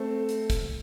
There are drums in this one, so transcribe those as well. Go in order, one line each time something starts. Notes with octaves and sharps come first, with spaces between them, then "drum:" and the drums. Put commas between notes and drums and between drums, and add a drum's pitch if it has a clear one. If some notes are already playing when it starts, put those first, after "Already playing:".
Already playing: A3 C4
drum: hi-hat
drum: kick, hi-hat